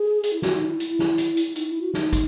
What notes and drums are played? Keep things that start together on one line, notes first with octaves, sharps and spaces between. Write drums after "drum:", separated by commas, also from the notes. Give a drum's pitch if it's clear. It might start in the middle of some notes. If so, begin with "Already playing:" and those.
Already playing: G#4
drum: hi-hat
E4
F#4, drum: snare
D#4
E4
E4, drum: hi-hat
drum: snare
drum: hi-hat
drum: hi-hat
D#4, drum: hi-hat
E4
F#4
D#4, drum: snare
drum: kick, hi-hat